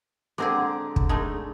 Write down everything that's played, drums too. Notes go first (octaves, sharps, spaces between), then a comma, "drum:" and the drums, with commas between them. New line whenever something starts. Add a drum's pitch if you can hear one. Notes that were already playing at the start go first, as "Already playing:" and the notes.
D3 G#3 C4 G#4 A#5 D6
drum: kick
G#3 A3 D#4